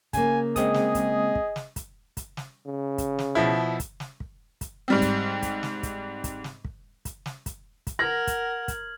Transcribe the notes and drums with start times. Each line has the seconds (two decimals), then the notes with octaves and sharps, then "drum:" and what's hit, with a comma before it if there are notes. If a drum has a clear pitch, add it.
0.13 C#3 A#3 G#5, drum: kick, hi-hat
0.56 G#3 C4 G#4 D#5 D#6, drum: kick, hi-hat
0.74 drum: snare
0.95 drum: kick, hi-hat
1.35 drum: kick
1.56 drum: snare
1.76 drum: kick, hi-hat
2.17 drum: kick, hi-hat
2.37 drum: snare
2.66 C#3
2.98 drum: kick, hi-hat
3.19 drum: snare
3.35 B2 F3 E4
3.80 drum: kick, hi-hat
4.00 drum: snare
4.20 drum: kick
4.61 drum: kick, hi-hat
4.88 G#2 G3 C4
5.02 drum: kick, hi-hat
5.42 drum: kick, hi-hat
5.63 drum: snare
5.83 drum: kick, hi-hat
6.24 drum: kick, hi-hat
6.44 drum: snare
6.65 drum: kick
7.05 drum: kick, hi-hat
7.26 drum: snare
7.46 drum: kick, hi-hat
7.87 drum: kick, hi-hat
7.99 A#4 F#5 F6 G#6 A#6 F#7
8.27 drum: kick, hi-hat
8.68 drum: kick, hi-hat